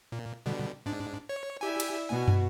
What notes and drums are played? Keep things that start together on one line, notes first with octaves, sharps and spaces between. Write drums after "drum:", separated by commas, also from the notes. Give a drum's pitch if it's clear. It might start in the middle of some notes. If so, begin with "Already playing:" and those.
A#2
B2 D3 G3
G#2 D4
C#5
E4 G4 D5 E5 G#5
drum: cymbal
B2 F#4 G#5
drum: tom